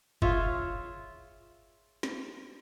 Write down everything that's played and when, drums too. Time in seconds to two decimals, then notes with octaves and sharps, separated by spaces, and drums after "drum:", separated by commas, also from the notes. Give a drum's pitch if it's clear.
0.22 F4 G#4 C#5 E5, drum: kick
2.03 drum: snare